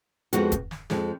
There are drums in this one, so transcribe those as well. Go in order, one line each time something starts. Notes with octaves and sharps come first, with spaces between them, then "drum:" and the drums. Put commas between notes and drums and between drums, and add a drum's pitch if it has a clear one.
F2 F3 G#3 B3 F#4, drum: hi-hat
drum: kick E1, hi-hat
drum: snare
F2 F3 G#3, drum: snare